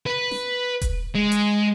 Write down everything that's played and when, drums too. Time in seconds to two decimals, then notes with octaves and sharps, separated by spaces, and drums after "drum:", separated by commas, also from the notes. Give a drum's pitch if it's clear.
0.06 B4
0.31 drum: snare
0.82 drum: kick E1, hi-hat
1.15 G#3
1.32 drum: hi-hat